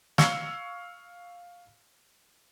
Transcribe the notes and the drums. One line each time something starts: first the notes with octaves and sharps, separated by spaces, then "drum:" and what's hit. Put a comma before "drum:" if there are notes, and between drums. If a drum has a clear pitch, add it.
F5 C#6 E6 G#6 C#7 G7, drum: snare